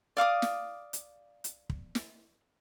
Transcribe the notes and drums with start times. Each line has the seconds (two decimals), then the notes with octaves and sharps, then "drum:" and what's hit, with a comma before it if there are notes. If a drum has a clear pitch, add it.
0.17 D5 F5 D6 D#6
0.42 drum: snare
0.93 drum: hi-hat
1.44 drum: hi-hat
1.70 drum: kick
1.95 drum: snare